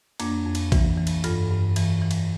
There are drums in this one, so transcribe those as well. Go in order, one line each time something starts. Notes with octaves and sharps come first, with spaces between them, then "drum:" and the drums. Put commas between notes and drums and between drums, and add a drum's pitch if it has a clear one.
F2 A#3 D4, drum: cymbal
F2
drum: cymbal
E3, drum: kick A#1, cymbal
E3
drum: cymbal
G2 F4 A4, drum: cymbal
G2
E3, drum: cymbal
E3
drum: cymbal